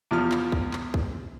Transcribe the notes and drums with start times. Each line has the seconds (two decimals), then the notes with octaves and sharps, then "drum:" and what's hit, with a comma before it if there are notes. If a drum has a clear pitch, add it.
0.11 E2 F3 F6
0.32 drum: clap
0.52 drum: kick C2
0.73 drum: clap
0.94 drum: kick C2